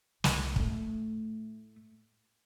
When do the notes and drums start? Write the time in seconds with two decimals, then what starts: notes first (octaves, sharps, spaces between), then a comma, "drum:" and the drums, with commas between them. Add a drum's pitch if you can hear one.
0.24 C2 G#3, drum: snare
0.56 A2 A3, drum: kick